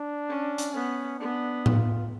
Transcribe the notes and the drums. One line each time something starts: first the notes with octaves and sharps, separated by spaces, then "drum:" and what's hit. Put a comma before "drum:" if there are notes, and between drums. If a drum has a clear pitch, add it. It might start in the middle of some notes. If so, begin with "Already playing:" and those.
Already playing: D4
C#4
drum: hi-hat
B3 C#4
B3 D4
F4, drum: tom A2